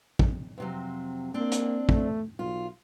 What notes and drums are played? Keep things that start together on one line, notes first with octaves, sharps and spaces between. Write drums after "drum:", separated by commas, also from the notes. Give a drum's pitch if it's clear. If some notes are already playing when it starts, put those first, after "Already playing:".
drum: kick
F2 C3 F#3
A#3 C4 D4
drum: hi-hat
A3, drum: kick
B1 F4